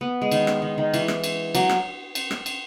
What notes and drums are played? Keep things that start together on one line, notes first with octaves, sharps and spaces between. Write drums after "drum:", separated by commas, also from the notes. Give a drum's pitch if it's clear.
B3
G#3
D#3, drum: cymbal
drum: rim click
D#3
D#3
E3, drum: cymbal
drum: rim click
drum: cymbal
F#3, drum: cymbal
drum: rim click
drum: cymbal
drum: rim click
drum: cymbal